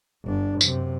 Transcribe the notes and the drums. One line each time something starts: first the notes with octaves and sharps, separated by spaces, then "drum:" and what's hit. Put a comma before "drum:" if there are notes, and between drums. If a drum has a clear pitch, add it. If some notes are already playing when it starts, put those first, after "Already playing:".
G1 D4
F#2 C3, drum: tambourine